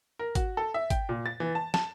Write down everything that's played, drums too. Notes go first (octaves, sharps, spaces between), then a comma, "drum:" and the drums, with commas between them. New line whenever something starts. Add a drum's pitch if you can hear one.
A#4
F#4, drum: kick, hi-hat
A4
E5
G5, drum: kick, hi-hat
A#2
A6
E3
A5
A5, drum: snare